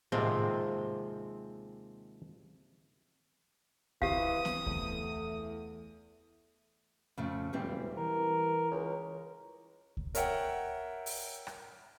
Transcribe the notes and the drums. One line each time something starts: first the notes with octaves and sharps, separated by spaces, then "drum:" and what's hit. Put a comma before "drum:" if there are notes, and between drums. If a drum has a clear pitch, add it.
D#2 C3 F3 G#3 C4, drum: tom A2
E3 C4 G4 F5 D#6, drum: kick C#2
drum: snare B3
E2 A3, drum: kick C#2
F2 C#3 A3
E1 E3 G3 C4
E3 A#4
C#2
drum: kick C#2
A#4 C#5 E5 F#5 G5, drum: hi-hat
drum: open hi-hat
drum: rim click